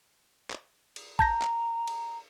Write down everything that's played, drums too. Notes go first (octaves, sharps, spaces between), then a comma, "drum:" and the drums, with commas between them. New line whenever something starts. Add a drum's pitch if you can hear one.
drum: clap
drum: cymbal
A5 A#5 G6 A#6, drum: kick
drum: clap
drum: cymbal